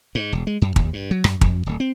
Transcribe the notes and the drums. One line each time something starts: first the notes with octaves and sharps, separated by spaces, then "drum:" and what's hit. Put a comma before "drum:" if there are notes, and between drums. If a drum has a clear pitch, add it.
G#2
E1
G#3
F#2
D#2, drum: kick
G2
F#3
F#2, drum: rim click
F2, drum: kick
D1
C4